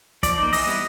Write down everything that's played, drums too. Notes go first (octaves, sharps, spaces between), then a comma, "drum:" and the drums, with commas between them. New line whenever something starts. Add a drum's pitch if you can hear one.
F3 D5, drum: kick, hi-hat
A#3 D#4
E3 D#5, drum: open hi-hat
G3 B3 E4